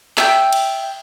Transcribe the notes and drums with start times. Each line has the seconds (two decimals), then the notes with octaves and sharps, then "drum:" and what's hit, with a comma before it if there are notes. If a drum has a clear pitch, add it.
0.17 E5 G5, drum: clap
0.53 drum: cymbal